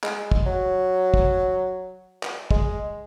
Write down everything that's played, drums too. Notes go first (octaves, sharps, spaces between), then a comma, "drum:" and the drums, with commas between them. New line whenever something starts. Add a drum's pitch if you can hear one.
G#3, drum: clap
drum: kick
F#3
drum: kick
drum: clap
G#3, drum: kick